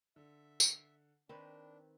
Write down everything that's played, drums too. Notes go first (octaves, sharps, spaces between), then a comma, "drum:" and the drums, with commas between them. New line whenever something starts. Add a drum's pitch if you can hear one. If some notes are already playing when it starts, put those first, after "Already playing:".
D3 E5
drum: tambourine
D#3 C4 D4 B4 B5